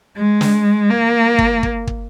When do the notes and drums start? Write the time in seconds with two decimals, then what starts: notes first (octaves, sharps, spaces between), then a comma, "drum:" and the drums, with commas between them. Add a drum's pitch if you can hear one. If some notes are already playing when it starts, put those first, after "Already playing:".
0.16 G#3
0.41 drum: snare
0.90 A#3
1.39 drum: kick
1.63 drum: kick
1.87 drum: kick